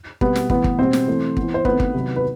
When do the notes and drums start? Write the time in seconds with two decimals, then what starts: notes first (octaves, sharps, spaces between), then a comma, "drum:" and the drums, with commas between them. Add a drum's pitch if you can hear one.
0.21 B2 G3 B3 C4 B4, drum: kick
0.36 drum: snare
0.50 A2 E3 B3 B4, drum: kick
0.64 drum: kick
0.78 B2 G3 B3 C4 C5
0.93 drum: snare
1.08 E3 A3 C4
1.37 E3 B3, drum: kick
1.54 C5
1.65 D#3 A3 B3 C4 B4, drum: kick
1.80 drum: kick
1.94 C3 D#3 F#3 B3
2.16 B4